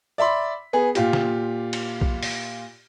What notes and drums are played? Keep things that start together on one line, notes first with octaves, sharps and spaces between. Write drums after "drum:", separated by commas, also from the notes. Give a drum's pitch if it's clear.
D5 E5 B5 C6
B3 G#4
A#2 F4 G4, drum: hi-hat
drum: snare
drum: cymbal
drum: kick
drum: open hi-hat